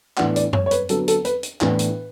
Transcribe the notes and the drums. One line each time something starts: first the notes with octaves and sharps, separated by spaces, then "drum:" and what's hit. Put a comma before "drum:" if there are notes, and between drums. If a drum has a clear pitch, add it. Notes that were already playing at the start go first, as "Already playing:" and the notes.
A2 E3 B3 D4 F#5, drum: clap
D5, drum: hi-hat
C#5, drum: tom F#2
C#5
B4, drum: hi-hat
D3 F#3 B3 A4, drum: hi-hat
A4, drum: hi-hat
B4, drum: hi-hat
drum: hi-hat
A2 E3 B3 D4 B4, drum: clap
drum: hi-hat